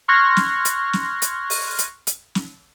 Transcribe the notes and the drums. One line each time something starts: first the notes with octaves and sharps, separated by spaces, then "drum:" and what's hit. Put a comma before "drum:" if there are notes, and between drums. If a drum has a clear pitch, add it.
C6 C#6 F6 F#6 G#6 A#6
drum: snare
drum: hi-hat
drum: snare
drum: hi-hat
drum: open hi-hat
drum: hi-hat
drum: hi-hat
drum: snare